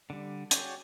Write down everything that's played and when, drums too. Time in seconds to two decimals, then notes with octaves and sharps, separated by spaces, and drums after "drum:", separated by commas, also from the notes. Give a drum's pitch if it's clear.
0.10 D3 G3
0.51 F#4 G#4 C#5 D5 G5, drum: hi-hat